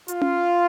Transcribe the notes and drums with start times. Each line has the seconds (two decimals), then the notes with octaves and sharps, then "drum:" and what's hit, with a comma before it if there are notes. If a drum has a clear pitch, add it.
0.08 F4, drum: hi-hat
0.22 drum: tom C#4